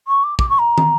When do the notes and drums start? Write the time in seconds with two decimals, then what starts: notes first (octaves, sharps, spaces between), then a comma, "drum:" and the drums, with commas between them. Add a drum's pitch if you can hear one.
0.08 C#6
0.24 D6
0.39 D6, drum: kick
0.49 C#6
0.60 A#5
0.78 drum: tom